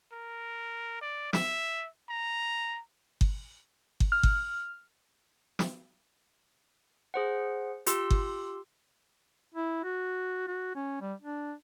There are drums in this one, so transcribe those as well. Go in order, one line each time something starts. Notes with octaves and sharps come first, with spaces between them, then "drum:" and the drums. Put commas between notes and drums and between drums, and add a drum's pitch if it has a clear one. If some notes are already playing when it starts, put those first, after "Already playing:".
A#4
D5
E5, drum: snare
A#5
drum: kick G1
drum: kick G1
F6
drum: kick G1
drum: snare
G#4 C5 F#5
F4 G4 C6 E6, drum: hi-hat
drum: kick G1
E4
F#4
F#4
C#4
G3
D4